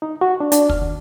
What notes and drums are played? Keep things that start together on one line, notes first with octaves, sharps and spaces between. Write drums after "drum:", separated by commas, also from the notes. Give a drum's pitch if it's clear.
D#4
F#4
D4
D4, drum: hi-hat
F6, drum: kick
D#2